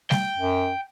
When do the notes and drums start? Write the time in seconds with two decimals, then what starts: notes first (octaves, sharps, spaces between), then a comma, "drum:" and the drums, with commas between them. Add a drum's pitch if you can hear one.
0.11 G5, drum: snare G3
0.37 F#2